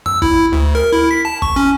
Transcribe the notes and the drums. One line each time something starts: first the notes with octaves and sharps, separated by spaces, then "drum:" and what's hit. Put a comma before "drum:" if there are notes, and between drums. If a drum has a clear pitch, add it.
E6, drum: tom F#2
E4, drum: kick G1
D2
A#4
E4
B6
A5
C#6, drum: kick G1
C#4